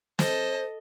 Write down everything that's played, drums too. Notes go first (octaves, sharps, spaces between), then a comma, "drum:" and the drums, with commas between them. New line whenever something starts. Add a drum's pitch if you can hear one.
A4 C5 D#5, drum: snare